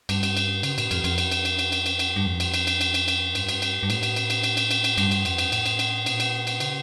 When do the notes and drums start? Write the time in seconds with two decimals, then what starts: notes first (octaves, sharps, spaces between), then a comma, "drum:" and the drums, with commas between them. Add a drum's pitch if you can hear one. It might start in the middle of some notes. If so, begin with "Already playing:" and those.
0.09 G2, drum: cymbal
0.23 drum: cymbal
0.37 drum: cymbal
0.63 C#3, drum: cymbal
0.78 A2, drum: cymbal
0.91 F2, drum: cymbal
1.04 F2, drum: cymbal
1.18 drum: cymbal
1.32 drum: cymbal
1.45 drum: cymbal
1.59 drum: cymbal
1.72 drum: cymbal
1.86 drum: cymbal
1.99 drum: cymbal
2.16 G2
2.26 F2
2.40 drum: cymbal
2.54 drum: cymbal
2.67 drum: cymbal
2.81 drum: cymbal
2.94 drum: cymbal
3.08 drum: cymbal
3.35 G2, drum: cymbal
3.49 drum: cymbal
3.62 drum: cymbal
3.83 G2
3.90 A2, drum: cymbal
4.03 drum: cymbal
4.16 drum: cymbal
4.30 drum: cymbal
4.43 drum: cymbal
4.57 drum: cymbal
4.71 drum: cymbal
4.84 drum: cymbal
4.98 G2, drum: cymbal
5.11 drum: cymbal
5.25 F2, drum: cymbal
5.38 drum: cymbal
5.52 A2, drum: cymbal
5.66 drum: cymbal
5.79 drum: cymbal
6.06 A#2, drum: cymbal
6.20 drum: cymbal
6.47 drum: cymbal
6.60 C#3, drum: cymbal